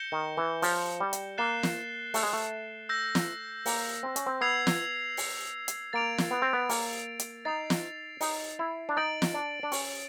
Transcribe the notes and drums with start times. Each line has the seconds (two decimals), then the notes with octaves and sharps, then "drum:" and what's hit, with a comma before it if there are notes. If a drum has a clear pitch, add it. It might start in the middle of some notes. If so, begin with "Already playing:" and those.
Already playing: G6 A#6 C#7 E7 G7
0.12 D#3
0.37 E3
0.62 F3, drum: open hi-hat
1.00 G3
1.13 drum: hi-hat
1.38 A#3 F#6 A6 C7 E7 G7
1.63 drum: snare
2.14 A3, drum: open hi-hat
2.23 G#3
2.33 A3
2.89 E6 G6 A#6
3.15 drum: snare
3.66 A#3, drum: open hi-hat
4.03 C4
4.16 C#4, drum: hi-hat
4.26 C4
4.41 B3 E6 G#6 C7 F7
4.67 drum: snare
5.17 drum: open hi-hat
5.68 drum: hi-hat
5.93 A#3 A6 D7 F7
6.18 drum: snare
6.31 B3
6.42 C4
6.53 B3
6.69 A#3, drum: open hi-hat
7.19 drum: hi-hat
7.45 D#4 A6 C7 F7
7.70 drum: snare
8.21 D#4, drum: open hi-hat
8.59 E4
8.89 D4
8.97 D#4 A6 D7 F#7
9.22 drum: snare
9.34 D4
9.63 D4
9.72 C#4, drum: open hi-hat